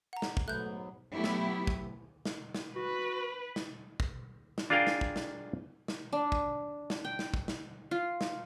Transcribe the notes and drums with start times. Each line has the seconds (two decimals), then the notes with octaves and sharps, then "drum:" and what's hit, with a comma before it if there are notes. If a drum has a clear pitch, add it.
0.13 F#5 A#5
0.22 drum: snare
0.37 drum: kick
0.48 G#2 F#3 A3 B3 F#6 G6
1.13 F#3 A3 B3 E4 G4
1.24 drum: snare
1.67 drum: kick
2.25 drum: snare
2.55 drum: snare
2.76 F#4 B4
3.56 drum: snare
4.00 drum: kick
4.58 drum: snare
4.70 D4 F4 G#4 A#4 F5 G5
4.87 drum: snare
5.01 drum: kick
5.16 drum: snare
5.88 drum: snare
6.13 D4
6.32 drum: kick
6.90 drum: snare
7.05 G5
7.19 drum: snare
7.34 drum: kick
7.48 drum: snare
7.91 F4
8.21 drum: snare